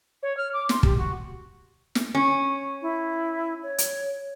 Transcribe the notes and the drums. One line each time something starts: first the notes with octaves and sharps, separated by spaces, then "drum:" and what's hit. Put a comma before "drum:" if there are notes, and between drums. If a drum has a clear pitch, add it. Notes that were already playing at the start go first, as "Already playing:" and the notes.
C#5
F6
D6
C6, drum: snare
G4, drum: kick
F#4
drum: snare
C#4
E4
C#5
drum: hi-hat